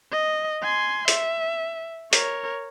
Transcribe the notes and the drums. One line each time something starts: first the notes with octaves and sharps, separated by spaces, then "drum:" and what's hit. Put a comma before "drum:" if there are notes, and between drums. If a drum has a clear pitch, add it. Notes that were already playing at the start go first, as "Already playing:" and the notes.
D#5
G#5 C6
E5, drum: hi-hat
A#4 C#5, drum: hi-hat